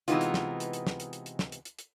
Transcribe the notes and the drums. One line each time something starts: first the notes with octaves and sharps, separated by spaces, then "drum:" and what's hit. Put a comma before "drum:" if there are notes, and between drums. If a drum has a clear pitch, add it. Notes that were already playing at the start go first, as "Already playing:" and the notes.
C3 E3 G#3 B3 D#4 F4, drum: hi-hat
drum: hi-hat
drum: snare
drum: hi-hat
drum: hi-hat
drum: snare
drum: hi-hat
drum: hi-hat
drum: hi-hat
drum: snare
drum: hi-hat
drum: hi-hat
drum: hi-hat